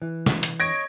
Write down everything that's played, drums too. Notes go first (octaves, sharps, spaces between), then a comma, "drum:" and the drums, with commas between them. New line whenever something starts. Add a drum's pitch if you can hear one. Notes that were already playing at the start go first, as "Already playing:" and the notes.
E3
drum: snare
drum: hi-hat
C#5 D#5 G#6 A#6 D7